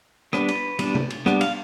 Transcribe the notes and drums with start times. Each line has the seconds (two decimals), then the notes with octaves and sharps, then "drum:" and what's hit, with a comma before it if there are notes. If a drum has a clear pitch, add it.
0.33 G3 B3 D4 B4, drum: rim click
0.48 drum: cymbal
0.79 G3 B3 D4, drum: cymbal
0.95 drum: tom C3
1.10 drum: cymbal
1.26 G3 B3 D4, drum: rim click
1.41 F5, drum: cymbal